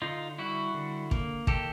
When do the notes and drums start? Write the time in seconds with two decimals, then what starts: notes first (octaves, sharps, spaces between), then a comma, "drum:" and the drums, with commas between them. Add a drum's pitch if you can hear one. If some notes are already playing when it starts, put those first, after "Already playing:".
0.02 D3 D#4 F4
0.38 G3 E4 F#4
0.74 D3
1.11 A#3, drum: kick
1.47 D#3 G4 A4, drum: kick